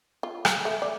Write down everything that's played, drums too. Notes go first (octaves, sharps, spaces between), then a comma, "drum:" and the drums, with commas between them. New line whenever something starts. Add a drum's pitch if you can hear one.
F4
drum: rim click
A3
D5